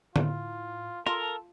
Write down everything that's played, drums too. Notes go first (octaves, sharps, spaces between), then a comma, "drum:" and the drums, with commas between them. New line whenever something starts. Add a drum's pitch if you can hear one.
A2 F4, drum: tom D3
F4 A4 A#4 A5